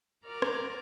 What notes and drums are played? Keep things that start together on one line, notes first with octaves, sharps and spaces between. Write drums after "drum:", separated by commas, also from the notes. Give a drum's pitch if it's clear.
F#4 A#4 D5 A#5 F6
drum: rim click